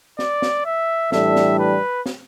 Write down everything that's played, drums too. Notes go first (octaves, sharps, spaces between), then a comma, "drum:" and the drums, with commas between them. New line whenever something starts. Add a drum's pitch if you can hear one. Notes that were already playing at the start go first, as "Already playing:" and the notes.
D5, drum: snare
drum: snare
E5
A2 E3 G3 D4 A4 E5, drum: snare
drum: snare
B4
drum: snare